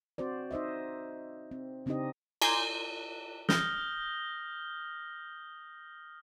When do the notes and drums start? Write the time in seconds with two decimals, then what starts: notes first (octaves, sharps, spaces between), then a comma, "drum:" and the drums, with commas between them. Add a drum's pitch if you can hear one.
0.18 C4 F#4 C5 D5
0.51 D#4 C5 D#5 E5
1.51 C4
1.86 C#3 C4 D4 D#4 G4 D#5
2.42 G#5 A#5 C6 D6 G6, drum: cymbal
3.49 D#6 F6 G6 A#6 G7, drum: snare